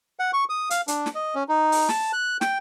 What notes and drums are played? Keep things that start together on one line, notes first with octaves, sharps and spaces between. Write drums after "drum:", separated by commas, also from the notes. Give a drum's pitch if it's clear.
F#5
C#6
D#6
F5, drum: hi-hat
D4, drum: hi-hat
drum: snare
D#5
C#4
D#4
drum: open hi-hat
A5, drum: snare
F#6
G5, drum: snare